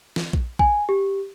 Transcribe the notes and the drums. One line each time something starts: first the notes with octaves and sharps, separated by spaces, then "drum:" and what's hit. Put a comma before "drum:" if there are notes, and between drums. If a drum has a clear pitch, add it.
drum: snare
drum: kick A#1
G#5, drum: kick A#1
G4